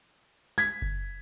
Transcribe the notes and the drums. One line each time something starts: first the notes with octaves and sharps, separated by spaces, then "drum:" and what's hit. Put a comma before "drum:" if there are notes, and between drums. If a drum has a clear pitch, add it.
G#6 B6, drum: snare
drum: kick F#1